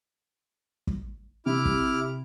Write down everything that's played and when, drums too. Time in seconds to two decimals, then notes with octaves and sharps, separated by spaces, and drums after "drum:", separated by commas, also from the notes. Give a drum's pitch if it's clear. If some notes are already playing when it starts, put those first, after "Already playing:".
0.87 drum: kick
1.46 C3 E4 D6 F6
1.65 drum: kick